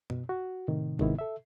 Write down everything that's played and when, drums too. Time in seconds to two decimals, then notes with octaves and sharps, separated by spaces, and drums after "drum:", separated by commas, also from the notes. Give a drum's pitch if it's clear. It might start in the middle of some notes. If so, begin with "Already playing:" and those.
0.10 B2, drum: tom F#2
0.29 F#4
0.68 A2 C3 D#3
0.99 G#2 C3 D#3 B3 E4, drum: kick
1.19 A4 E5